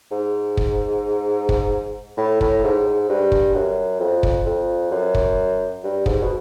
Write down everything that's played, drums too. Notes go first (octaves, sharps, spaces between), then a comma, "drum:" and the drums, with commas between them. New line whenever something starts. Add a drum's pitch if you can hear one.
G#2
drum: kick
drum: kick
A2
A2, drum: kick
G#2
G#2
G2
drum: kick
F#2
F2
drum: kick
F2
F#2
drum: kick
G2
G#2, drum: kick
B2